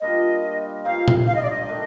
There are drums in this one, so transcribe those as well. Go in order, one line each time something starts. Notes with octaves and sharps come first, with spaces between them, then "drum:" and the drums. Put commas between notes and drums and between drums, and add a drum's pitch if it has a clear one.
A#2 G3 D4 F4 D#5
G2 F3 C4 D#4 F5
drum: tom A#2
F5
D#5
D5
D#5
D#3 A3 D4